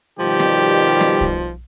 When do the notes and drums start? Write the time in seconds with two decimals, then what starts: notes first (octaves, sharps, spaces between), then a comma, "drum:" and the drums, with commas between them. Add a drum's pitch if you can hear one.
0.19 B2 D#3 F3 G3 G4
0.40 drum: snare
1.01 drum: snare
1.21 drum: kick